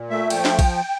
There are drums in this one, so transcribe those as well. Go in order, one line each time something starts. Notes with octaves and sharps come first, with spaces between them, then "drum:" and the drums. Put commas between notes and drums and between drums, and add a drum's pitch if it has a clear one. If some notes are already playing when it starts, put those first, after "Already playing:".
Already playing: A#2
A3 E5
F3 G5, drum: cymbal
drum: snare
drum: kick, cymbal